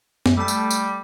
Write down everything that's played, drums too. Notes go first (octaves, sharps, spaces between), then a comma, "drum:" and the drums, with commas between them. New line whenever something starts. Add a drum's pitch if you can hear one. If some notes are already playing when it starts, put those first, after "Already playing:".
F#2, drum: snare
G3 A3 A5
drum: tambourine
drum: tambourine